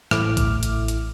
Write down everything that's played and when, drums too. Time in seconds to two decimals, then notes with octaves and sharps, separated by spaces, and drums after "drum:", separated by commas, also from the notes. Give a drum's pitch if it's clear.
0.11 A1 A3 E4 D6 F6, drum: rim click
0.37 drum: kick, hi-hat
0.63 drum: hi-hat
0.88 drum: hi-hat